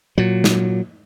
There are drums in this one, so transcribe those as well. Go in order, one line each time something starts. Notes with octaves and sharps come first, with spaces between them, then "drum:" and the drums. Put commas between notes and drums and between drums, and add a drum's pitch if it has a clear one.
A#2 F#3
drum: snare